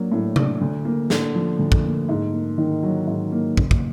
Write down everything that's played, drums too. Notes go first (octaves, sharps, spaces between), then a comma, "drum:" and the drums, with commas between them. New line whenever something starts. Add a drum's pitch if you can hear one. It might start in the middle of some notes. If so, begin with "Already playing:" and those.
Already playing: F#3 A#3 D4
A2
D4, drum: tom C3
D2
A#3
D3, drum: snare
F3
D2
drum: kick
A#3
G#2
A#3
D#3
F#3
G#2
A#3
F#1, drum: kick
drum: kick